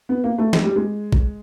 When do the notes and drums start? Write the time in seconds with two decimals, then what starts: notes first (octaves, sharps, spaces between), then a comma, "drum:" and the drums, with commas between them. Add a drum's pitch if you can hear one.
0.09 B3
0.24 A#3
0.38 A3
0.53 G#3, drum: snare
0.64 G3
0.76 G#3
1.13 drum: kick